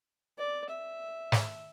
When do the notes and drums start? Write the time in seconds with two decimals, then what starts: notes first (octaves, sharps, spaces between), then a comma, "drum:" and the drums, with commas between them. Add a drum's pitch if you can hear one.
0.38 D5
0.69 E5
1.32 drum: snare